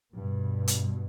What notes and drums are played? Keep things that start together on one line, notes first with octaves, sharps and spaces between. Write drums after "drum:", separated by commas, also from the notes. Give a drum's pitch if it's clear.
G2 B2
drum: hi-hat